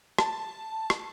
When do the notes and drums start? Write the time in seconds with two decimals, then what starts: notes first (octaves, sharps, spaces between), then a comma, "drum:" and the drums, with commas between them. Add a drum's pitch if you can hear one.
0.18 A5, drum: rim click
0.90 drum: rim click